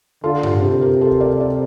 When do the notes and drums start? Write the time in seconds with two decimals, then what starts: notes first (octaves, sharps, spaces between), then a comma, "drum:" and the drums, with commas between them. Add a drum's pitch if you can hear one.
0.24 D3 F4 A4
0.43 G4, drum: tom G2
0.62 C3 G4
0.81 G4 A#4
1.01 A4 C5
1.11 drum: kick D2
1.20 A#4 D5
1.40 A#4 D5